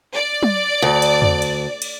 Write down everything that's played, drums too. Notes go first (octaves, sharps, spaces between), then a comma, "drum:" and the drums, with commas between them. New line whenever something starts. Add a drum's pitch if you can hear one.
D5
drum: tom
D2
drum: cymbal
drum: tom
drum: cymbal
drum: cymbal